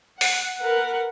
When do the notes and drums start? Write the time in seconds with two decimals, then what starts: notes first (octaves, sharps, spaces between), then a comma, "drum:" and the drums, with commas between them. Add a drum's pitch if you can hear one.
0.21 F#5, drum: open hi-hat
0.59 A#4 B4 F#5